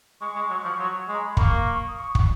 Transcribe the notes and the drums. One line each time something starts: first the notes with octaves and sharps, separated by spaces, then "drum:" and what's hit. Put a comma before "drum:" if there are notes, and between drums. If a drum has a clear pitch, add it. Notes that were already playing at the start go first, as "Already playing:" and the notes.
G#3 C#6
G#3
F#3
F3
F#3
G#3
A#5
B5
A#3 C#6, drum: kick
D#6
C#6
drum: kick